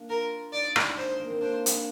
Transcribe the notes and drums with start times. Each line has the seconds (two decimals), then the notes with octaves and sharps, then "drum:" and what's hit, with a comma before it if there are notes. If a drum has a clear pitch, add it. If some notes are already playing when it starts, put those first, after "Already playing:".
Already playing: A#3 D4
0.09 F4 A#4
0.53 D#4 D5
0.76 D4, drum: rim click
0.97 G#3 C5
1.19 A#3
1.30 C4
1.41 D4 C5
1.66 drum: hi-hat